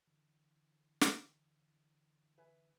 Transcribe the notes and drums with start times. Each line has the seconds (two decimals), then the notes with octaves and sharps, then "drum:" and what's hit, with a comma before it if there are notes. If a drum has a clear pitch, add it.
0.07 D3 E3
1.01 drum: snare
2.38 B4 E5 G#5